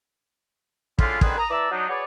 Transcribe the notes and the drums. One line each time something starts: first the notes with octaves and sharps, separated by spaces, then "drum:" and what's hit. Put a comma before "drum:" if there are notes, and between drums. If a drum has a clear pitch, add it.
A2 D3 G#3 E4 F4, drum: kick
D3 D#3 C4 G#4 B4, drum: kick
A#5 D#6
E3 D5 E5 A5 A#5 E6
F#3 D4 D#4
F#4 G#4 B4 C#5 D5